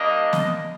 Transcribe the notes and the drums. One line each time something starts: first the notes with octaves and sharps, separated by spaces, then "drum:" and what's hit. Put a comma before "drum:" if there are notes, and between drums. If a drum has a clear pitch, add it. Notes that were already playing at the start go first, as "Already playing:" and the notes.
Already playing: G3 A#3 D4 D#5
drum: snare